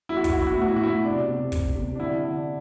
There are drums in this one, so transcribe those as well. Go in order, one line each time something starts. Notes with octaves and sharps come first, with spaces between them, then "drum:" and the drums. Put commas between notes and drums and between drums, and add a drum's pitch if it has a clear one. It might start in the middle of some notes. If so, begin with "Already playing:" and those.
F#3 E4
F#4
E4, drum: kick, open hi-hat
F#3 F#4
E4
F#4
E4
A2 F#4
E4
F#4
A2 E4
C3 D4
C3
C3, drum: kick, open hi-hat
C3
D4
D3 E4
D3